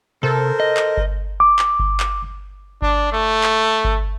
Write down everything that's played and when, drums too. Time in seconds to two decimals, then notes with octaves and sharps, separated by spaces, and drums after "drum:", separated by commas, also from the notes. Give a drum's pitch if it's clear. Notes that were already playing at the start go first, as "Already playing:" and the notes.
0.23 C3 A4 A#4 C5
0.60 D#5
0.77 drum: clap
0.97 drum: kick G1
1.40 D6
1.59 drum: clap
1.79 drum: kick G1
2.00 drum: clap
2.82 D4, drum: kick G1
3.12 A3
3.43 drum: clap
3.85 drum: kick G1